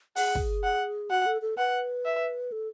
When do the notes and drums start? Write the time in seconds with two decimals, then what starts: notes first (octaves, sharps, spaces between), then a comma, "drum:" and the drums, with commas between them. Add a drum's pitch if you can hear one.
0.16 G#4 F#5, drum: open hi-hat
0.35 drum: kick
0.63 F#5
1.10 F#4 F#5
1.26 A4
1.42 A4
1.58 B4 F#5
2.05 E5
2.52 A4